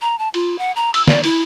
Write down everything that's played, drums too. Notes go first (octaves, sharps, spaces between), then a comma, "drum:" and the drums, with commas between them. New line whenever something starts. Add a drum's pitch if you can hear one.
A#5
A5
F4, drum: cymbal
F#5
A#5
E6, drum: cymbal
D5, drum: snare
E4, drum: cymbal